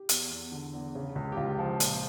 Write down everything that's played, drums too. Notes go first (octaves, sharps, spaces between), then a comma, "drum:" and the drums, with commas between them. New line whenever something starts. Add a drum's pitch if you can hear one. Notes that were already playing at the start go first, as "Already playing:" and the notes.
Already playing: G4
E2, drum: hi-hat
E2
D3
E2
C#3
C#2
G4
C#2 F4
F3
A#1, drum: hi-hat